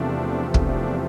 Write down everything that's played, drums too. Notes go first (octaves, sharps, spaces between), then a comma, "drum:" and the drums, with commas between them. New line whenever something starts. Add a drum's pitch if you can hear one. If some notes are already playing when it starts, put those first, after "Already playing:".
Already playing: E2 C3 F3 A3 D4
D4, drum: kick